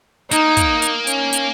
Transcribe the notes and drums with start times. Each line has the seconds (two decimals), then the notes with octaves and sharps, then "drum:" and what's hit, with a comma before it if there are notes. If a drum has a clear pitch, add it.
0.31 A#3 D#4, drum: hi-hat
0.57 drum: kick, hi-hat
0.82 drum: hi-hat
1.07 C#4, drum: hi-hat
1.33 drum: hi-hat